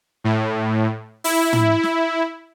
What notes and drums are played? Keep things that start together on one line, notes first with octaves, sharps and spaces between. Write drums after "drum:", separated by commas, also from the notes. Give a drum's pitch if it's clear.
A2
E4, drum: open hi-hat
drum: tom
drum: snare